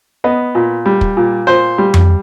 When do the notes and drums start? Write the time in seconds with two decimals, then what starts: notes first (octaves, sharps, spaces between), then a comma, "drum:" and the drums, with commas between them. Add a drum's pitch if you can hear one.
0.24 B3 D#5
0.55 A#2
0.86 G3
1.01 drum: kick
1.17 A#2
1.47 A#2 C5
1.78 G3
1.94 drum: tom F2